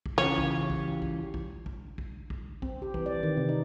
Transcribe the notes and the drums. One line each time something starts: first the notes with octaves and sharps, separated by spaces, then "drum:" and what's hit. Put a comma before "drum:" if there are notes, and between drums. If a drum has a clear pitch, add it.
drum: kick
C#3 E3 C#4 F4 G4 C#5
drum: kick
drum: kick
drum: kick
drum: kick
drum: kick
drum: kick
drum: kick
C4, drum: kick
G4
E3, drum: kick
D5
D#3
C3
D#4